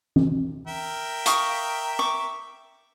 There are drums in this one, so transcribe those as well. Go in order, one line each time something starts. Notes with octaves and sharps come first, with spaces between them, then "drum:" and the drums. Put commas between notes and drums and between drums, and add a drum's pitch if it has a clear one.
drum: tom E3
A#4 E5 G5
F5 C#6 D#6, drum: hi-hat
C#6 D6